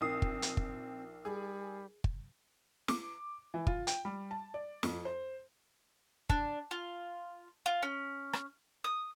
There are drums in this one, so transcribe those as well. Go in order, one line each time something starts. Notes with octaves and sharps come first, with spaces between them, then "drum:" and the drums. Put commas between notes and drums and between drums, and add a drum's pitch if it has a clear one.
A#1 C4 D#4 A#4 D#6 C7
drum: kick
drum: hi-hat
drum: kick
G3 G#4
drum: kick
D6, drum: snare
E3
F4, drum: kick
G5, drum: hi-hat
G3
A5
D5
F2, drum: snare
C5
D4, drum: kick
F4
F4
C#4
drum: rim click
D#6